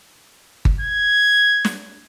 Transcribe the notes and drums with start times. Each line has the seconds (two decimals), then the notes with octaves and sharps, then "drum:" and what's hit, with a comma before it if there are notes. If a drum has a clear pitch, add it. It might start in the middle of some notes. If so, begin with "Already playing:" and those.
0.65 drum: kick G1
0.81 G#6
1.65 drum: snare